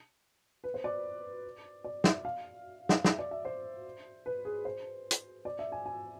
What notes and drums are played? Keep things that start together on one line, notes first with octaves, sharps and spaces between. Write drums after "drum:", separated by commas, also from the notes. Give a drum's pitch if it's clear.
B4
C5
D5
D5
E5, drum: snare
F5
drum: snare
E5, drum: snare
D5
E5
C5
B4
G#4
C5
drum: hi-hat
D5
E5
G#5
G#5